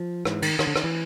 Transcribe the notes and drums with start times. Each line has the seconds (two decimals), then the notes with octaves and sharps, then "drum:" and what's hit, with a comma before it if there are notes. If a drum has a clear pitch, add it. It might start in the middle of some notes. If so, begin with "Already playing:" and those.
Already playing: F3
0.25 G#2 E3, drum: rim click
0.42 D#3, drum: cymbal
0.59 D#3, drum: rim click
0.67 D3
0.76 D#3, drum: rim click
0.84 E3